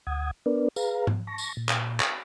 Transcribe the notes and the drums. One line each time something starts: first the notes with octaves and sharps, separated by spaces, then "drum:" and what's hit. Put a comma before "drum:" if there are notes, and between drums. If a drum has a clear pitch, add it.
D2 F#5 D#6 G#6
B3 D4 A#4 B4 D5
G#4 B4 F5 A#5, drum: tambourine
drum: tom G#2
A5 C#6 A#6
drum: tambourine
A#2
drum: clap
drum: clap